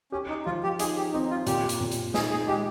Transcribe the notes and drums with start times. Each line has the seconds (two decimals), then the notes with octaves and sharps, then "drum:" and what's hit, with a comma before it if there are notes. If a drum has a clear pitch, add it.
0.12 C#4 G4
0.29 D#4
0.45 F3 F4
0.63 G4
0.79 D#4 G#4, drum: hi-hat
0.96 G4
1.13 C4 D#4
1.31 F4
1.47 A#2 G4, drum: hi-hat
1.69 drum: hi-hat
1.80 A#2
1.91 drum: hi-hat
2.14 D#4 G#4, drum: snare
2.31 G#4
2.47 G#3 G4